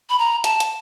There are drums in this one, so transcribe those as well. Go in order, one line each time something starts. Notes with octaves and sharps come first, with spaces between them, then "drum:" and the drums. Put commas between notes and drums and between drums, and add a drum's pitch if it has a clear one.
B5
A#5
A5, drum: hi-hat
drum: hi-hat